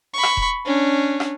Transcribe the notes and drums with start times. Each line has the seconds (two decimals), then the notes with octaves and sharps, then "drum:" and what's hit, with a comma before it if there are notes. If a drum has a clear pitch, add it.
0.13 B5 C#6
0.23 drum: rim click
0.37 drum: kick E1
0.65 C#4 D4
1.20 drum: rim click